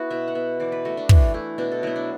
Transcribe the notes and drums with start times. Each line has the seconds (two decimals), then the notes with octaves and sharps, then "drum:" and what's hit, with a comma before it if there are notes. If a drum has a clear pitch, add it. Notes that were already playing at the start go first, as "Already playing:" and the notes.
Already playing: B3 E4 F#4
0.10 B2 E5
0.28 F#5
0.35 B3 E5
0.60 E3 D5
0.72 B4
0.85 A3 F#4
0.97 D4
1.09 E3, drum: kick
1.34 A3 E4
1.58 B2 D4
1.72 A4
1.83 F#3 B3 E4
1.96 D4